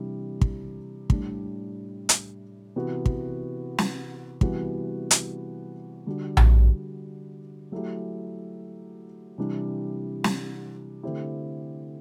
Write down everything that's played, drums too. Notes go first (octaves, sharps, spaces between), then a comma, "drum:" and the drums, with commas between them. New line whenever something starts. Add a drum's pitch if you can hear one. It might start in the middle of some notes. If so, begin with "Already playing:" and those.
Already playing: C3 E3 G3 D4
drum: kick
A2 G3 D4, drum: kick
drum: hi-hat
C3 E3 B3 F#4
drum: kick
drum: snare
C3 E3 G3 B3 F#4, drum: kick
drum: hi-hat
D3 G3 D4 F#4
drum: tom A#1
F#3 A3 E4 G4
C3 E3 G3 D4
drum: snare
D3 A3 C4 E4 G4